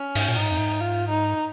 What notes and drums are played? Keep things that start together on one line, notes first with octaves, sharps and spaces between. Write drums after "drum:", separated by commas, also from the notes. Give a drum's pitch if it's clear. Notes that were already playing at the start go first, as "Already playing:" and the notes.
Already playing: C#4
G#2, drum: cymbal
A#2
G#2 D#4
F2
G#2
F4
D#4